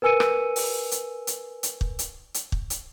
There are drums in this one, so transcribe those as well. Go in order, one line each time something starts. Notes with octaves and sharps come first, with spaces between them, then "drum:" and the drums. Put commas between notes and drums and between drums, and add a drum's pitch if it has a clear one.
A#4 B4 G#5 E6 C#7 D#7
drum: rim click
drum: open hi-hat
drum: hi-hat
drum: hi-hat
drum: hi-hat
drum: kick
drum: hi-hat
drum: hi-hat
drum: kick
drum: hi-hat